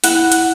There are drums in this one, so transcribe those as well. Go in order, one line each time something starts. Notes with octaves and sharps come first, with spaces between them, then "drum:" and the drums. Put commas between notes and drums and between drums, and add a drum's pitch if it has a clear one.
E4 F#5, drum: hi-hat
drum: hi-hat